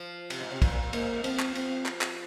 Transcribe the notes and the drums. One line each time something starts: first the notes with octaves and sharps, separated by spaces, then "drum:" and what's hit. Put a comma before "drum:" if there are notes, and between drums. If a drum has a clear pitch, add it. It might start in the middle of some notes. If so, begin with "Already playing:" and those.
Already playing: F3
C3, drum: cymbal
G#2
C3
A#2, drum: kick, cymbal
A#2
A#2
G#2 A#3, drum: cymbal
G#2
F3 C4, drum: cymbal
drum: clap
C4, drum: cymbal
drum: clap
drum: clap